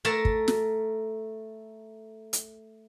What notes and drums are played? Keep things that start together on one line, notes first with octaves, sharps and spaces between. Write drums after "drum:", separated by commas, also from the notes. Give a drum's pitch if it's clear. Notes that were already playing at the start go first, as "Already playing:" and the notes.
A3 A#4 A5
drum: kick
drum: snare
drum: hi-hat